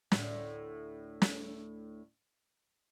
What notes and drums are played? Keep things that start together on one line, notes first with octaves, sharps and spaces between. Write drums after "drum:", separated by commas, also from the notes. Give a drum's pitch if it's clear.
D2 A2, drum: snare
drum: snare